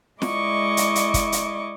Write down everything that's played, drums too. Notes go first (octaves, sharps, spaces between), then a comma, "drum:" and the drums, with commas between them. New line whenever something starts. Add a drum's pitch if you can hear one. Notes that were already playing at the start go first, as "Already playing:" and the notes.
G#3 E4 D5 D#5 C#6 D6, drum: snare
drum: hi-hat
drum: hi-hat
drum: kick, hi-hat
drum: hi-hat